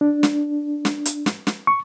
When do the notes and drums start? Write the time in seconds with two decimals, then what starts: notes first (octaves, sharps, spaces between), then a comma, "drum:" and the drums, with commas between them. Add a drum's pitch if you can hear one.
0.01 D4
0.23 drum: snare
0.85 drum: snare
1.05 drum: hi-hat
1.26 drum: snare
1.47 drum: snare
1.67 C#6